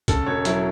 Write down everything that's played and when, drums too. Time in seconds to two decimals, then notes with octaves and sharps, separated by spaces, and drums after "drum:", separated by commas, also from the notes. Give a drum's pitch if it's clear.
0.08 C#3 A4, drum: kick, hi-hat
0.26 E1 C#5
0.45 F#3 E4, drum: hi-hat